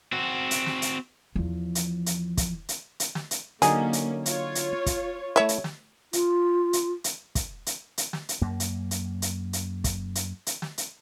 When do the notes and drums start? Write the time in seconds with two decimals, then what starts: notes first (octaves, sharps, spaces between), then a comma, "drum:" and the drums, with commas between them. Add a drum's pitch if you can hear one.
0.12 C4 F#4
0.51 drum: hi-hat
0.66 drum: snare
0.82 drum: hi-hat
1.36 E2 F3
1.75 drum: hi-hat
2.06 drum: hi-hat
2.37 drum: kick, hi-hat
2.69 drum: hi-hat
3.00 drum: hi-hat
3.15 drum: snare
3.31 drum: hi-hat
3.62 D3 F#3 A#3 C#4 D#4 G#4, drum: hi-hat
3.93 drum: hi-hat
4.26 F4 C#5, drum: hi-hat
4.55 drum: hi-hat
4.86 drum: kick, hi-hat
5.36 A3 E4 C#5 E5
5.49 drum: hi-hat
5.64 drum: snare
6.13 F4, drum: hi-hat
6.73 drum: hi-hat
7.04 drum: hi-hat
7.35 drum: kick, hi-hat
7.66 drum: hi-hat
7.98 drum: hi-hat
8.13 drum: snare
8.29 drum: hi-hat
8.41 F#2 A#3
8.60 drum: hi-hat
8.91 drum: hi-hat
9.22 drum: hi-hat
9.53 drum: hi-hat
9.84 drum: kick, hi-hat
10.15 drum: hi-hat
10.46 drum: hi-hat
10.62 drum: snare
10.78 drum: hi-hat